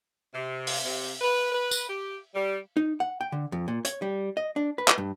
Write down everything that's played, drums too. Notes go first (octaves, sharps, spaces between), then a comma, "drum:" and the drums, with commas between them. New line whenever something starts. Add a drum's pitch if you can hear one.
C3
drum: open hi-hat
C3
B4
B4
drum: tambourine
G4
G3
D#4
F#5
G5
D3
F2
A#2
C#5, drum: hi-hat
G3
D#5
D4
B4
drum: clap
G2